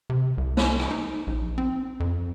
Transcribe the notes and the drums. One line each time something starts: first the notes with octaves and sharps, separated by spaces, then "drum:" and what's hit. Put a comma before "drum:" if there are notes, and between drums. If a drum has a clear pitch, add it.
C3
C2
drum: snare
drum: rim click
D#4
A#1
C4
F2